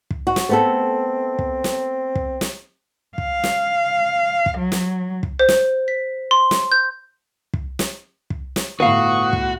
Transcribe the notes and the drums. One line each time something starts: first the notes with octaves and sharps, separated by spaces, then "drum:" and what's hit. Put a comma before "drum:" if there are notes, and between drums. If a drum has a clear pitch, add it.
drum: kick
F#4
drum: snare
A3 B3 C4 A4
drum: kick
drum: snare
drum: kick
drum: snare
F5, drum: kick
drum: snare
drum: kick
F#3
drum: snare
drum: kick
C5
drum: snare
B6
C6
drum: snare
G6
drum: kick
drum: snare
drum: kick
drum: snare
G1 A2 F#4 B4 F5 C#6 D#6
drum: kick